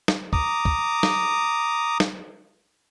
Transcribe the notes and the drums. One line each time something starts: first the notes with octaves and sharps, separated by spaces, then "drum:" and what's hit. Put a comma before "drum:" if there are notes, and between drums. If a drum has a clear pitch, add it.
drum: snare
A#5 D6 D#6, drum: kick
drum: kick
drum: snare
drum: snare